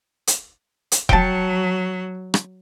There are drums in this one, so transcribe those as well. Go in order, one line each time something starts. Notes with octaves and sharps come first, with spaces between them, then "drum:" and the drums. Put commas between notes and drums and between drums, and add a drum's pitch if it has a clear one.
drum: hi-hat
drum: hi-hat
F#3 G5 A5, drum: kick E1
drum: rim click